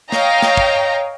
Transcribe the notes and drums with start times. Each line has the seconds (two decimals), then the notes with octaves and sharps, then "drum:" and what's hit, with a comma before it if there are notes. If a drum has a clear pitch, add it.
0.12 C#5 D#5 F5 G5 A#5, drum: snare
0.42 drum: snare
0.57 drum: kick